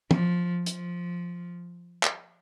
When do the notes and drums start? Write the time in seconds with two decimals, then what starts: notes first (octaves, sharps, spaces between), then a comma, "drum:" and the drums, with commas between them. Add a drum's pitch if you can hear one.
0.11 F3, drum: tom
0.66 F3, drum: hi-hat
2.03 drum: clap